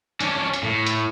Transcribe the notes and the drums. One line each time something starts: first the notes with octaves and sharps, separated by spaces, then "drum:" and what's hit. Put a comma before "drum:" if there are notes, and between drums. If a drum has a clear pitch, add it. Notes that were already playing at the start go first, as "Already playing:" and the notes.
C#4 D4, drum: hi-hat
drum: hi-hat
A2
drum: hi-hat